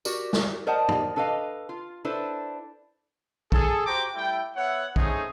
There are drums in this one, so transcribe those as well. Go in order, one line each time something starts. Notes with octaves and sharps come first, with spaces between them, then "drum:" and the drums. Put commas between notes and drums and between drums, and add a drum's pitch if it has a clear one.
F#4 G4 A#4 D5, drum: tambourine
drum: snare
A#4 C5 D5 D#5 F#5 A5
drum: tom G#2
D4 A4 B4 D#5 F5
F4
D4 E4 A4 B4 C5
G#4 A4, drum: kick
F#4 G4 C5 G5 A#5 D6
G3 A3 E4 G5
B3 C#5 E5 F#5
A3 C4 C#4 D#4 G#4, drum: kick